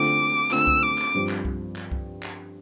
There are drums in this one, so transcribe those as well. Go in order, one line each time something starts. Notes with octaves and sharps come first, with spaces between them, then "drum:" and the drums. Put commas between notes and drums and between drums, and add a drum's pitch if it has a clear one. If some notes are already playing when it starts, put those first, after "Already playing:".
Already playing: D3 A3 C4 F4 D6
D3 A3 C4 F4 E6, drum: clap
drum: kick C2
D6
drum: clap
G2 F3 C4 G4
drum: clap
drum: kick C2
drum: clap
drum: kick C2
drum: clap